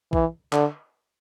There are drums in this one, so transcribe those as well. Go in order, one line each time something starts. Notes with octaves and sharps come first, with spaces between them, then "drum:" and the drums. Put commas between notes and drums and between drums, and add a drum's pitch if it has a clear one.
E3, drum: kick A#1
D3, drum: clap